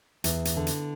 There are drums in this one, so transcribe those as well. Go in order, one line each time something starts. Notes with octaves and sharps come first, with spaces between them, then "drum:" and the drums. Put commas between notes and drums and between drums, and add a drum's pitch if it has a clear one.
E2, drum: hi-hat
drum: hi-hat
D3
drum: hi-hat